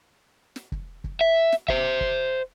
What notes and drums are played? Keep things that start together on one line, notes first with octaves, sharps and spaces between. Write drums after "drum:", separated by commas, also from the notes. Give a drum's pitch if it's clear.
drum: snare
drum: kick
drum: kick
E5
drum: snare
C5 E5, drum: kick
drum: kick